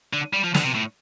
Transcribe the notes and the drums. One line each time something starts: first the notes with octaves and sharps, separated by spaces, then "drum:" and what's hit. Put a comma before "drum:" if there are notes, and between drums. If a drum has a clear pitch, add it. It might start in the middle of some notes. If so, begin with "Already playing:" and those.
D3
G3
F3
D3, drum: snare
C3
A2